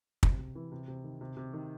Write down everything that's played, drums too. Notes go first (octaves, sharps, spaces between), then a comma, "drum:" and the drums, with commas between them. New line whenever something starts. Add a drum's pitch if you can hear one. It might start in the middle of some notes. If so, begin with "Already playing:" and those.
C3, drum: kick
C3
E3
C3
C3
D#3
C3
C3
D#3